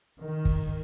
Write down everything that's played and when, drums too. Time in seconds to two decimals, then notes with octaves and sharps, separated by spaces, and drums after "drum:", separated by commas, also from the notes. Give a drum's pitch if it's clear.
0.22 D#3
0.45 drum: kick